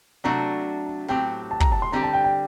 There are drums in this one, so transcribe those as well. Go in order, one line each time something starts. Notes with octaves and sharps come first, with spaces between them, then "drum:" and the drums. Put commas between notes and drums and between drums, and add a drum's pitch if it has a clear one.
C3 F#3 A3 D4 F#4 A#5
A2 F#3 C4 G4 G5
A5
A#5, drum: kick
A5
C6
D3 G3 C4 D#4 G4 A#5
A5
G5
G5